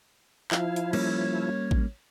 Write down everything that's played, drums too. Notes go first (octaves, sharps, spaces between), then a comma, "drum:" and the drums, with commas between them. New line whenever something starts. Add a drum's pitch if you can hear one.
F3 E4 F5, drum: clap
drum: hi-hat
G3 A#3 C#4 C#5, drum: cymbal
drum: kick A1